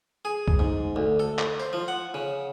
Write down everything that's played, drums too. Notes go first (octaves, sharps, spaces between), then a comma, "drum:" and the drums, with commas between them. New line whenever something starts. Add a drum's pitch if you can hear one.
G#4
drum: kick C2
G#2
D2
A4
drum: clap
C5
F3
F#5
C#3